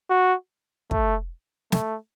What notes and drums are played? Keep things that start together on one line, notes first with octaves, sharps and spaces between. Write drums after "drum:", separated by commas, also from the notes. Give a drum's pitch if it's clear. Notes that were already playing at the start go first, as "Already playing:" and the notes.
F#4
A3, drum: kick
A3, drum: snare